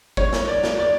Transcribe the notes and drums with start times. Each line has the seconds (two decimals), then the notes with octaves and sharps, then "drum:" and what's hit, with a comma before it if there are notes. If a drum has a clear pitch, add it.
0.17 C#5, drum: kick G#1
0.33 drum: snare
0.48 D5
0.63 drum: snare
0.79 D5